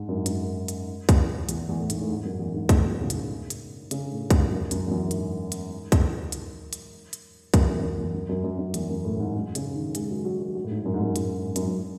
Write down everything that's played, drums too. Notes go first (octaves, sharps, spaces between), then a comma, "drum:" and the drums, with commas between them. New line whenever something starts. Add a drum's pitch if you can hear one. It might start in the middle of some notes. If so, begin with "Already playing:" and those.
Already playing: G#2
F#2
G#2
F#2, drum: hi-hat
drum: hi-hat
drum: kick, hi-hat
E2, drum: hi-hat
E2
A2
G#2, drum: hi-hat
A2
G#2
F#2
E2
G#2
A2, drum: kick, hi-hat
B2
C#3
drum: hi-hat
drum: hi-hat
C#3, drum: hi-hat
A2
G#2, drum: kick, hi-hat
F#2
F#2, drum: hi-hat
E2
F#2
G#2, drum: hi-hat
drum: hi-hat
drum: kick, hi-hat
drum: hi-hat
drum: hi-hat
drum: hi-hat
F#2, drum: kick, hi-hat
E2
F#2
E2
F#2
F#2
F#2
F#2
E2, drum: hi-hat
F#2
A2
G#2
F#2
C#3, drum: hi-hat
D#3
G#3, drum: hi-hat
F#3
F#3
F#3
F#3
A2
G#2
F#2
G#2
F#2
G#2, drum: hi-hat
G#2
F#2, drum: hi-hat
F#2